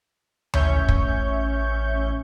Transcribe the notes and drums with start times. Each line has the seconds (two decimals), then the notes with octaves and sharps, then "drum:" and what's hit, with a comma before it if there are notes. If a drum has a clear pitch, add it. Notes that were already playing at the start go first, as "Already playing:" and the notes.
0.54 A1 C#4 C#5 E5 C#6 G6, drum: tom D2
0.88 drum: kick